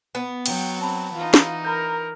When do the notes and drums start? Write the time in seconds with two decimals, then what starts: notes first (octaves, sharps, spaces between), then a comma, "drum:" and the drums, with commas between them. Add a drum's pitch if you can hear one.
0.15 B3
0.46 F#3 G5, drum: cymbal
0.81 C4 A5 B5
1.14 E3 D#4 F4
1.34 drum: snare
1.65 A#4 B5 G6